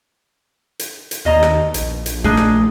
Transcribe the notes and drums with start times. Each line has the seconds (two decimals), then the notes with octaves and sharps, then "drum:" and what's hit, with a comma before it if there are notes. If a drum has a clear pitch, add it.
0.79 drum: hi-hat
1.11 drum: hi-hat
1.25 D#2 B2 D#5 A#5
1.43 drum: rim click
1.74 A#1, drum: hi-hat
2.06 drum: hi-hat
2.24 A3 D4 D#4 G#4
2.37 drum: rim click